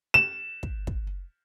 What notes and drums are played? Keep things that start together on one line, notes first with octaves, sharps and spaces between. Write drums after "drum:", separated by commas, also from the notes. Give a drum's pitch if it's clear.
E7
drum: kick
drum: kick